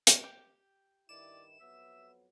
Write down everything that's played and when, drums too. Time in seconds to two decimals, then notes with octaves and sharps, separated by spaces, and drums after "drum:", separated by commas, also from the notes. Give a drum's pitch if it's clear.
0.07 drum: hi-hat
0.24 G4
1.09 G2 D#3 E4 D5 E7
1.60 F2 F#3 B3 E5